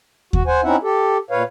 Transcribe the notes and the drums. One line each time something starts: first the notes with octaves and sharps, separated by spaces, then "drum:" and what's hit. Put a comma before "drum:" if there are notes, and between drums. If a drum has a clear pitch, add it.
F#4, drum: kick D#2
C5 F#5 G#5
C4 C#4 D#4 E4 E5 F#5
G4 A4
A#2 B4 C#5 F5